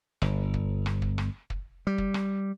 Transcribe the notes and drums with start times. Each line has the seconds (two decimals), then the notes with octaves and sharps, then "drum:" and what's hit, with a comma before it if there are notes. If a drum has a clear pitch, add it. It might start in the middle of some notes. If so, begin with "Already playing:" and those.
0.22 G1, drum: rim click
0.54 drum: kick
0.86 drum: rim click
1.02 drum: kick
1.18 drum: rim click
1.50 drum: kick
1.87 G3
1.98 drum: kick
2.14 drum: rim click